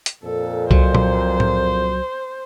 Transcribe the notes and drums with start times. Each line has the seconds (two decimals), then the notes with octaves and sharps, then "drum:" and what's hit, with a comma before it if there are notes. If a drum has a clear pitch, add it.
0.06 drum: hi-hat
0.24 F2 A#2 A4
0.71 C2 F#3 C5, drum: kick C2
0.95 drum: tom A#2
1.40 drum: tom A2